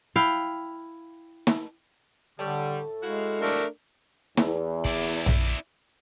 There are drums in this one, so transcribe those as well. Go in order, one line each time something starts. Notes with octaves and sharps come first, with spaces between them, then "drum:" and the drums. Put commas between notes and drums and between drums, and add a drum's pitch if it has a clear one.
E4 F5 G5
drum: snare
A2 D3 G3 A4
G#3 E4 F#4 F5
A3 D4 A#4
E2, drum: snare
E4 D5, drum: kick
drum: tom A#1